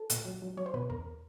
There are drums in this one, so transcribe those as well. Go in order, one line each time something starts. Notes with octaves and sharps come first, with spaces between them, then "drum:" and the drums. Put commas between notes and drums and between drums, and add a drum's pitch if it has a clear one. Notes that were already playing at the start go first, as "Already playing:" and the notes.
Already playing: A4
A#2, drum: hi-hat
F#3
F#3
F#3 C#5
C5
B2 B4
E2 A#4